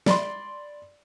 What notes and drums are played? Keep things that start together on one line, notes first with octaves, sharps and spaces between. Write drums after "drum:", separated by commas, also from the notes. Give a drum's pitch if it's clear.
D5 B5 C6, drum: snare